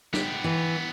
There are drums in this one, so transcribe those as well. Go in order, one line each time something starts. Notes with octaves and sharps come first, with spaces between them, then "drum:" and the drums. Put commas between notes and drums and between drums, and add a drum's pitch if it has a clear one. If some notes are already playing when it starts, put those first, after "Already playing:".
B3 G4, drum: snare
E3